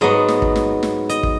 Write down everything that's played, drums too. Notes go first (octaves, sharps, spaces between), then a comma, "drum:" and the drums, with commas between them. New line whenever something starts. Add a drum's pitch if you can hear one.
G#2 F#3 B3 D#5
drum: snare
drum: kick
drum: snare
drum: snare
D#5, drum: hi-hat
drum: kick